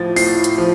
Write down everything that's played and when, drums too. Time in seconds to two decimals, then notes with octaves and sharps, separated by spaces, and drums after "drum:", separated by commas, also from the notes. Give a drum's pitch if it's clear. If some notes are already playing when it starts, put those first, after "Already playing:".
Already playing: A2 F3 A6
0.16 A2 C7, drum: open hi-hat
0.44 drum: hi-hat
0.58 F3